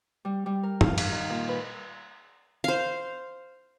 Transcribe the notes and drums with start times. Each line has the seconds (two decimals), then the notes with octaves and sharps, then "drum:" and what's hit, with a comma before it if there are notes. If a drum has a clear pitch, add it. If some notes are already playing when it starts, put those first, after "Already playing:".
0.25 G3
0.46 G3
0.63 A#4
0.81 F5, drum: tom
0.98 F5, drum: cymbal
1.12 D#3
1.30 A#2
1.48 B4
2.64 C5 F5